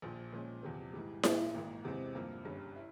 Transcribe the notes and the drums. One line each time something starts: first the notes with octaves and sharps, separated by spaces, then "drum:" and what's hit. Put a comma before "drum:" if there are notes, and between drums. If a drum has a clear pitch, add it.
A#1 A#2 F3
A#2 F3 G#3 C#4
E2 C3 F3
G#2 E3 G3
A#1 A#2 F3 A#3, drum: snare E4
G#1 G#2 E3 A#3
E2 C3 E3 G#3 C4
G2 F3 A#3
G1 G2 G3 C#4
E4